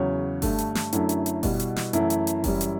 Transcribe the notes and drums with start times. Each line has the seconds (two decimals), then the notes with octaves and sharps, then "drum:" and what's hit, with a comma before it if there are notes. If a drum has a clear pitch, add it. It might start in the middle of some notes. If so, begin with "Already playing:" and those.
Already playing: E2 C#3 F#3 C#5
0.42 G2 D3 A3, drum: kick F#1, open hi-hat
0.58 drum: hi-hat
0.75 drum: snare
0.93 F#2 D3 F#3 A3 E4, drum: hi-hat
1.09 drum: hi-hat
1.26 drum: hi-hat
1.43 B2 G3, drum: kick F#1, open hi-hat
1.60 drum: hi-hat
1.76 drum: snare
1.93 F#2 E3 A3 E4, drum: hi-hat
2.10 drum: hi-hat
2.27 drum: hi-hat
2.44 F#2 E3 G3, drum: kick F#1, open hi-hat
2.61 drum: hi-hat